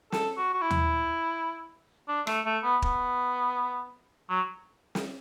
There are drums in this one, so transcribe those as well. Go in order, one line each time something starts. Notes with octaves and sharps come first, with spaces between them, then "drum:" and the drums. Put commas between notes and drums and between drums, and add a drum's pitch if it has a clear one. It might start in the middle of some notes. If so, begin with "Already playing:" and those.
A4, drum: snare
F#4
F#4
E4
drum: tom D#2
D4
A3, drum: rim click
A3
B3
B3, drum: kick
F#3
drum: snare